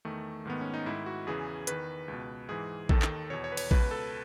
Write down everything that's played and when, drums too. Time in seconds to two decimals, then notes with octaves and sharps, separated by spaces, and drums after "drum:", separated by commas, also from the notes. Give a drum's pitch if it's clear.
0.05 E2 D#3 A3
0.45 G#2 D#3 B3
0.61 C#4
0.74 D#4
0.86 G#2 D#3 E4
1.06 F#4
1.27 E2 C#3 E3 G#4
1.67 E2 D#3 B4, drum: hi-hat
2.08 C#2 B2
2.49 G#2 E3 G#4
2.89 D#2 D#3 A4, drum: kick A#1
3.02 drum: clap
3.30 E2 B2 C#5
3.44 C#5
3.52 B4
3.57 C#5, drum: cymbal
3.71 C#2 B2 B4, drum: kick A#1
3.91 A4